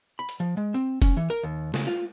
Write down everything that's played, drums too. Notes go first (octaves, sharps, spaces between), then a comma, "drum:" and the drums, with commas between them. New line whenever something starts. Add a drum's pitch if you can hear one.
B5
drum: hi-hat
F3
G#3
C4
C#4, drum: kick, hi-hat
E3
A#4
D#2
C#3, drum: snare
F4